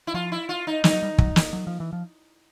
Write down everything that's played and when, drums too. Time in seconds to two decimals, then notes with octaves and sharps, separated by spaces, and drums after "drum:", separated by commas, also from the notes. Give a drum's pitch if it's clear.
0.07 E4
0.14 F3 F4
0.32 E4
0.49 F4
0.67 D#4
0.84 G3 D#4, drum: snare
0.93 F#3
1.03 G3
1.18 F#3, drum: kick
1.36 drum: snare
1.53 F#3
1.67 F3
1.80 E3
1.93 F3